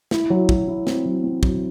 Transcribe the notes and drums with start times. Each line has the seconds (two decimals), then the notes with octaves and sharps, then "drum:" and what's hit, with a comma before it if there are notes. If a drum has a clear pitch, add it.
0.11 E4, drum: snare
0.30 F#3
0.49 F#3, drum: kick
0.68 E4
0.87 C4, drum: snare
1.05 F#3
1.24 C4
1.43 F#3, drum: kick